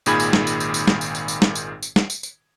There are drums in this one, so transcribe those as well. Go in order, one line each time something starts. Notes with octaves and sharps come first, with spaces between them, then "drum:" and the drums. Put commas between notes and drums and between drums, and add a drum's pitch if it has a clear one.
G#1 A#2 D#3 G#4 B5 G#6, drum: tambourine
drum: tambourine
drum: snare
drum: tambourine
drum: tambourine
drum: tambourine
drum: snare
drum: tambourine
drum: tambourine
drum: tambourine
drum: snare
drum: tambourine
drum: tambourine
drum: snare
drum: tambourine
drum: tambourine